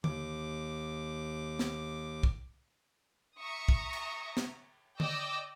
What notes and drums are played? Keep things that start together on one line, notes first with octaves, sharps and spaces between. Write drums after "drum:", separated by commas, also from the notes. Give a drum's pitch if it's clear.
D#2 D6, drum: tom D3
drum: snare
drum: kick
E5 A#5 C#6 D#6
drum: kick
drum: cymbal
drum: snare
D5 D#5 G5 D6 E6, drum: tom D3